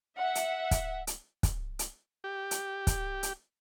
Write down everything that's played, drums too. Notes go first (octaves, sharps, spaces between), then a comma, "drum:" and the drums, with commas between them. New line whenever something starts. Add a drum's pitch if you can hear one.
E5 F#5
drum: hi-hat
drum: kick, hi-hat
drum: hi-hat
drum: kick, hi-hat
drum: hi-hat
G4
drum: hi-hat
drum: kick, hi-hat
drum: hi-hat